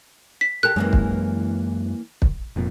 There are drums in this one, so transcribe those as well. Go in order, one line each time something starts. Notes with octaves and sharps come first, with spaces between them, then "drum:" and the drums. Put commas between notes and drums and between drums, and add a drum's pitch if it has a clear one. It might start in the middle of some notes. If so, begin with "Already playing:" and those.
B6
G4 A4 A#4 F#6
F#2 E3 G#3 A#3 C#4
drum: kick
drum: kick
F1 F2 A#2